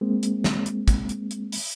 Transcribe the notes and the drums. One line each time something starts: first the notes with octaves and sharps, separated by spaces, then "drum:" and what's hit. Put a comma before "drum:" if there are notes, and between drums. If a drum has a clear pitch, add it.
G#3 A#3 C4
drum: hi-hat
drum: snare
drum: hi-hat
drum: kick, hi-hat
drum: hi-hat
drum: hi-hat
drum: open hi-hat